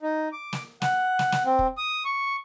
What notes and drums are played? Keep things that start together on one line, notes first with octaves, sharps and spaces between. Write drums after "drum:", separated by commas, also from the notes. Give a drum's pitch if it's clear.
D#4
D6
drum: snare
F#5, drum: snare
drum: snare
drum: snare
C4
drum: kick
D#6
C#6